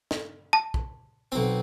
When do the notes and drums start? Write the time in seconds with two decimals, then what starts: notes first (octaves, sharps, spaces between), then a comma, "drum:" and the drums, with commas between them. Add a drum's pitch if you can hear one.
0.11 drum: snare
0.53 A5
0.74 drum: kick B1
1.32 B1 C4